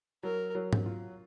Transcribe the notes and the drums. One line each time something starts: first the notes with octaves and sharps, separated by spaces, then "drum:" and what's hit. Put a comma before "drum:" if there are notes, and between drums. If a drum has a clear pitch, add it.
F#3 A#4
F#3
drum: tom G#2
F4